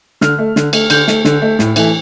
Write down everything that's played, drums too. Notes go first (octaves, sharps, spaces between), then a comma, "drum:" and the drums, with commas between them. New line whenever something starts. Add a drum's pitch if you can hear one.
D3 F6, drum: snare
A3
D3, drum: snare
A3, drum: cymbal
D3 G6, drum: cymbal
A3, drum: snare
D3, drum: snare
A3
A2, drum: snare
E3 A3, drum: cymbal